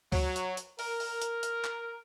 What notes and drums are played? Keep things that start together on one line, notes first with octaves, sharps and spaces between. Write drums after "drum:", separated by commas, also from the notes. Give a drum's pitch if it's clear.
F#3, drum: kick C#2, open hi-hat
drum: hi-hat
drum: hi-hat
A#4, drum: open hi-hat
drum: open hi-hat
drum: hi-hat
drum: hi-hat
drum: clap